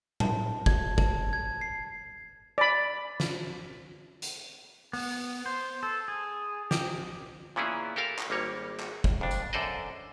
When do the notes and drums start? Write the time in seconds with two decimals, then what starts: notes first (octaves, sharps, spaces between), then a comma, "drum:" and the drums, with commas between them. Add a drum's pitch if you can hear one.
0.20 A5, drum: tom A2
0.66 G#6, drum: kick
0.98 A5, drum: kick
1.33 G#6
1.61 C7
2.58 D5 B5
3.20 drum: snare
4.22 drum: hi-hat
4.93 B3, drum: open hi-hat
5.46 C5
5.83 A4
6.08 G#4
6.71 G4, drum: snare
7.56 A#2 E3 B3 C#4 E4 G#4
7.96 G4 A4 A#4 F5
8.19 drum: clap
8.30 G#1 G3 A#3 C#5
8.80 drum: clap
9.04 drum: kick
9.21 F2 D4
9.31 drum: tambourine
9.53 F#2 D3 A4 C5 D5 D#5